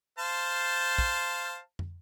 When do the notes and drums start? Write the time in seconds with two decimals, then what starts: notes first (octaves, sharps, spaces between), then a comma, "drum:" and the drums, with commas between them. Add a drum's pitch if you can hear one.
0.19 C5 F5 A5
0.98 drum: kick
1.79 drum: tom